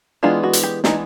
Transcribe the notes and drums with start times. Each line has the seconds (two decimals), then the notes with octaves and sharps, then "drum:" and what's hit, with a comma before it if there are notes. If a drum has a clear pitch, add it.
0.23 E3 G#3 B3 D4 F4
0.43 F#4
0.53 drum: hi-hat
0.63 G4
0.84 E3 G#3 B3 D4 D#4, drum: snare